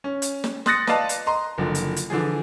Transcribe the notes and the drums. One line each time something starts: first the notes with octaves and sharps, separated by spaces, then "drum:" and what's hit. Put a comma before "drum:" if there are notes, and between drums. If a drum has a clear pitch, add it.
C#4
drum: hi-hat
drum: snare
C6 D#6 F#6 A6 A#6 C#7, drum: snare
B4 D5 D#5 F5 A5, drum: snare
drum: hi-hat
D#5 A#5 C6
F#1 D3 F3
drum: hi-hat
drum: hi-hat
D3 E3 F3 G#4